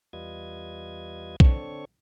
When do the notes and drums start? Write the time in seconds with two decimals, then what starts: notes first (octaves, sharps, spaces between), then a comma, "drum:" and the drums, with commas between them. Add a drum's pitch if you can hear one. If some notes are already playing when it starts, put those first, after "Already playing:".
0.13 E2 G3 F4 B4 D#5 G#6
1.40 D3 C4 D4 A4 C#5 C#6, drum: kick B1